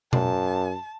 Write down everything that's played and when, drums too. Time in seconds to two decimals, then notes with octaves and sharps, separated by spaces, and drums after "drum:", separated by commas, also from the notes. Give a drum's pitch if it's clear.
0.13 F#2 A5, drum: tom B2